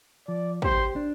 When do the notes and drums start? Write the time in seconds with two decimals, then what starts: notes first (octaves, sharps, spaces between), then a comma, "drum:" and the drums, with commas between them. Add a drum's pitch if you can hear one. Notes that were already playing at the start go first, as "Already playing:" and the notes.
0.28 F3 D5
0.62 G4 C5, drum: kick
0.96 D4